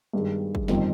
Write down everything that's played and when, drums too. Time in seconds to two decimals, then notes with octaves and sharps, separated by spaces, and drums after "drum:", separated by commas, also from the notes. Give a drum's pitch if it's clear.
0.13 G2 D#3 G#3
0.55 drum: kick
0.68 G1 F2 D#3 G3 C4, drum: snare